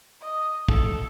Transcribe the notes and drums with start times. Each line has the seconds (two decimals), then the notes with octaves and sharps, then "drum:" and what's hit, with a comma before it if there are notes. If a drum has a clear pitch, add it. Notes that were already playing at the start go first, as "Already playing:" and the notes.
0.21 D#5
0.68 A4, drum: kick